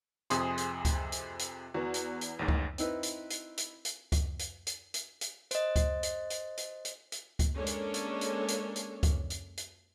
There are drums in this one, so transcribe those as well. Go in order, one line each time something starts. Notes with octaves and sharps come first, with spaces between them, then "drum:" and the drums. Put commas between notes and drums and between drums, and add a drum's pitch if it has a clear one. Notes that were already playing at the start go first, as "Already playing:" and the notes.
F2 C3 G#4 C6 D#6, drum: hi-hat
drum: hi-hat
drum: kick C#2, hi-hat
drum: hi-hat
drum: hi-hat
E2 B3 F#4
drum: hi-hat
drum: hi-hat
A1 D#2 G#2
drum: kick C#2
C4 D#4 E4 B4, drum: hi-hat
drum: hi-hat
drum: hi-hat
drum: hi-hat
drum: hi-hat
drum: kick C#2, hi-hat
drum: hi-hat
drum: hi-hat
drum: hi-hat
drum: hi-hat
C5 D#5, drum: hi-hat
drum: kick C#2, hi-hat
drum: hi-hat
drum: hi-hat
drum: hi-hat
drum: hi-hat
drum: hi-hat
drum: kick C#2, hi-hat
G#3 A#3 C#4 D4 A4 C#5
drum: hi-hat
drum: hi-hat
drum: hi-hat
drum: hi-hat
drum: hi-hat
drum: kick C#2, hi-hat
drum: hi-hat
drum: hi-hat